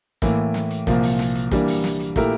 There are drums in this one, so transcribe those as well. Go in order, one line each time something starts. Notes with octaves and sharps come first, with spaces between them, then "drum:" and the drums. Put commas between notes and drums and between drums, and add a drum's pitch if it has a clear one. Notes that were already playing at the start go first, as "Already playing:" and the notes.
A2 E3 A#3 E4, drum: kick, hi-hat
drum: snare
drum: hi-hat
C2 A#2 F3 A#3, drum: kick, hi-hat
drum: open hi-hat
drum: snare
drum: hi-hat
E3 G3 A#3 D4, drum: kick, hi-hat
drum: open hi-hat
drum: snare
drum: hi-hat
A#2 A3 E4 G4 A#4, drum: kick, hi-hat